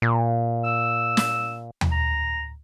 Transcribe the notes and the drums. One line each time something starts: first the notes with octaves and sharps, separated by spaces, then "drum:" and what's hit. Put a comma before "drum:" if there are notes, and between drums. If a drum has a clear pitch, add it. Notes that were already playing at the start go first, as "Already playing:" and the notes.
A#2
E6
drum: snare
drum: tom D#2
A#5